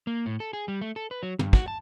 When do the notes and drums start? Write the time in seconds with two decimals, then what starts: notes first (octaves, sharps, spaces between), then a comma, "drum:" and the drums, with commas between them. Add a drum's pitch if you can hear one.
0.07 A#3
0.26 A2
0.40 A4
0.53 G#4
0.68 G3
0.81 A3
0.96 A4
1.11 B4
1.23 F#3
1.39 G2, drum: tom
1.53 F#4, drum: kick
1.68 A5